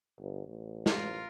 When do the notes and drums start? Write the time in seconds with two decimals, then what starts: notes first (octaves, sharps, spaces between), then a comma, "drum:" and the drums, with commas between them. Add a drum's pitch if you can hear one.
0.19 G1
0.47 A1
0.86 F4 A#4, drum: snare